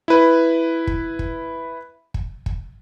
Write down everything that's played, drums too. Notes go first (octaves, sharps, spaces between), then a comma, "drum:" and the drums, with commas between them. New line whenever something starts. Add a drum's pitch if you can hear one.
E4 B4
drum: kick
drum: kick
drum: kick
drum: kick